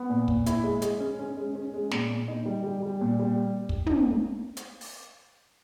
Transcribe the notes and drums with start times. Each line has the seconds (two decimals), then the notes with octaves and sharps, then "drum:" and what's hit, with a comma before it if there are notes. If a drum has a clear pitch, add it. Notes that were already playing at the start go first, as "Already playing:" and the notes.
Already playing: B3
0.10 A#2
0.28 A#2, drum: kick
0.46 E4, drum: hi-hat
0.64 G#3
0.82 G#3, drum: hi-hat
1.00 C#4
1.19 C#4
1.37 G#3
1.55 C#4
1.74 G#3
1.91 A#2, drum: snare
2.10 A#2
2.28 D#4
2.45 G3
2.64 G3
2.82 G3
3.01 A#2
3.19 G3
3.69 drum: kick
3.86 drum: tom
4.57 drum: hi-hat
4.81 drum: open hi-hat